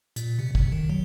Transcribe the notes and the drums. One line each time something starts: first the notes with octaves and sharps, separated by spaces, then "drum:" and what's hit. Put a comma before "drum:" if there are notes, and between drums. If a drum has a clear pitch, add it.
A#2, drum: hi-hat
C3
C3, drum: kick
D#3
F#3